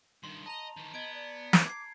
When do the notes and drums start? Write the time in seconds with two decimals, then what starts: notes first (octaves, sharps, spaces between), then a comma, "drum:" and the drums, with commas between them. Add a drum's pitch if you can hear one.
0.24 G2 D#3 C6
0.46 D#5 A5 A#5 F7
0.77 D#3 E3
0.94 B3 D#5 G#6 D7
1.14 D5
1.53 drum: snare
1.65 D6 G#6 C7